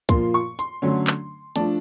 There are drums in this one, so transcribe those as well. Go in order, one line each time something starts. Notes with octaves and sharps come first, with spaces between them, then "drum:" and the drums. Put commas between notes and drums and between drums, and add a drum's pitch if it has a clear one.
A#2 F3 A#3 C6, drum: kick, hi-hat
C#6
C6, drum: hi-hat
D3 F#3 A3 C#4
drum: clap
F3 A3 D4 A5, drum: hi-hat